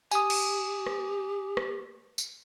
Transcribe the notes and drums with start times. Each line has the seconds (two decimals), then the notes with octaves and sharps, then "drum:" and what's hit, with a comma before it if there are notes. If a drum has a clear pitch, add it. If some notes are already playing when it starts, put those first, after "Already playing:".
0.11 G4 G#5 D#6, drum: tambourine
0.30 drum: cymbal
0.86 drum: rim click
1.57 drum: rim click
2.18 drum: tambourine